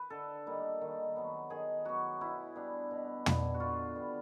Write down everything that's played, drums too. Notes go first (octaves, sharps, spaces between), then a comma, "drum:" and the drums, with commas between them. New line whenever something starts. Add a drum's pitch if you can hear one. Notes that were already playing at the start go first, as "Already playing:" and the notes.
Already playing: B4
D3 A4
G3 A#3 D#4
D#3
F#3 B3
D#3 G#4
F#3 B3 F#4
B2 E4
G3 B3 D4
B2
G3 B3 D4, drum: tom
F#4
D3 F4
G3 B3